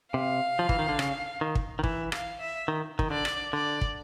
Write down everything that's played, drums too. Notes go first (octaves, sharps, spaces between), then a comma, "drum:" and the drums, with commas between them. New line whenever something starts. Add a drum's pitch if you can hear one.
C3 F5
F3
E3, drum: kick
D#3
D3
C#3, drum: rim click
D#3
drum: kick
D#3
E3 E5, drum: kick
F5, drum: rim click
E5
D#3
D#3, drum: kick
D3 D5
drum: rim click
D3 D5
drum: kick